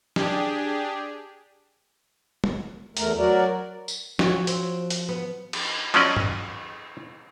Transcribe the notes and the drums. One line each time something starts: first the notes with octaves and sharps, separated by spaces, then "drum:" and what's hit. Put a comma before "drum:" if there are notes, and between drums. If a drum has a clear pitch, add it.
D4 G4 G#4, drum: snare
drum: tom
E2 A3 A#4, drum: hi-hat
F#3 F#4 A#4 D5
drum: tambourine
F3 F#4 C#5, drum: snare
C4, drum: hi-hat
drum: hi-hat
B3
drum: cymbal
F3 F#3 C#4 D5 D#5, drum: cymbal
drum: tom G2